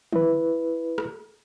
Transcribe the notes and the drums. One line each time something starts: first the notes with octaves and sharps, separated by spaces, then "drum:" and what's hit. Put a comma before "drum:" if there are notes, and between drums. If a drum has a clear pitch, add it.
E4 B4, drum: tom
drum: rim click